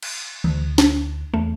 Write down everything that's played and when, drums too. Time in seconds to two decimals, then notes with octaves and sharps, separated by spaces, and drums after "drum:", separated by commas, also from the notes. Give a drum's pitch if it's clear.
0.03 drum: cymbal
0.44 D2, drum: tom D#3
0.78 drum: snare
1.34 E2 A3